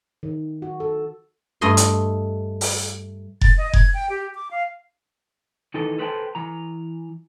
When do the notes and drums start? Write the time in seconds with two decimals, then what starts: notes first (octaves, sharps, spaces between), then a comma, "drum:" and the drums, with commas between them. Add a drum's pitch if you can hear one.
0.23 D#3
0.62 F#4
0.80 A4
1.61 G2 A3 D#5 C6
1.77 drum: hi-hat
2.61 drum: open hi-hat
3.41 A6, drum: kick F1
3.58 D#5
3.73 G#6, drum: kick F1
3.94 G5
4.10 G4
4.35 D6
4.51 F5
5.74 D#3 E3 D#4 A4
5.98 A4 B4 C5 D5 G5 A5
6.35 E3 A#5